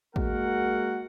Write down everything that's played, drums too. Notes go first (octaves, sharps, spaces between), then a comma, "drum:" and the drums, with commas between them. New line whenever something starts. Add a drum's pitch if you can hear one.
G#3 A#3 F#4 A#4 F#5, drum: kick